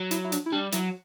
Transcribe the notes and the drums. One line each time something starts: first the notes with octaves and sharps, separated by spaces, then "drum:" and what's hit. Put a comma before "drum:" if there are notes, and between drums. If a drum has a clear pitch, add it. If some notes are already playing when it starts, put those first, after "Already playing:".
Already playing: F#3
E4, drum: hi-hat
E4
D4, drum: hi-hat
E4
G3 D4
F#3 E4, drum: hi-hat